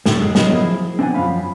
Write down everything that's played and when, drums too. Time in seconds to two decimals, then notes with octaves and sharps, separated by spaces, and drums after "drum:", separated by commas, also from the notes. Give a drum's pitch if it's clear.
0.06 A2 G#3 A3, drum: snare
0.21 F#2 G#3
0.35 A2 F#3 B3 G#4 A#4 D#5, drum: snare
0.51 F3 F#3 E4 G#4
0.99 C4 D4 C5 C#5 F#5 G#5
1.15 F#2 F3 G#3 F#4 F5 B5